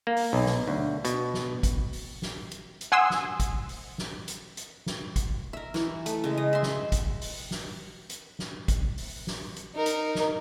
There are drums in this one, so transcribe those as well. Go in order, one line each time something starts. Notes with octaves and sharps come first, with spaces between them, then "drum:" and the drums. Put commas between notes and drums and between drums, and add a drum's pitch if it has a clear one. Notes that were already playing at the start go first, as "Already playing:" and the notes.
A#3
drum: open hi-hat
B1
drum: snare
D2
B2, drum: hi-hat
drum: snare
drum: kick, hi-hat
drum: open hi-hat
drum: snare
drum: hi-hat
drum: hi-hat
F#5 G#5 C6 D#6 E6
drum: snare
drum: kick, hi-hat
drum: open hi-hat
drum: snare
drum: hi-hat
drum: hi-hat
drum: snare
drum: kick, hi-hat
A#4 E5
E3, drum: snare
A3, drum: hi-hat
C#3 G#3
D#5
E5 C6
drum: snare
drum: kick, hi-hat
drum: open hi-hat
drum: snare
drum: hi-hat
drum: snare
drum: kick, hi-hat
drum: open hi-hat
drum: snare
drum: hi-hat
D#4 A#4
drum: hi-hat
drum: snare